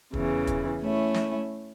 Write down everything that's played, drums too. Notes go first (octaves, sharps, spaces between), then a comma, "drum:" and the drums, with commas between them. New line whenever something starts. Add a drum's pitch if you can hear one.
E2 C#3 E3, drum: kick
drum: kick, hi-hat
A3 C#4 E4
drum: snare